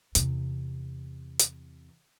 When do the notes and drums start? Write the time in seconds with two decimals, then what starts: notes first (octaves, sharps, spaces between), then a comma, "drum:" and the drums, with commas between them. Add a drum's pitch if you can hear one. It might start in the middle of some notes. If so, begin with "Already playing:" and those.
0.15 E2 C3, drum: hi-hat
1.40 drum: hi-hat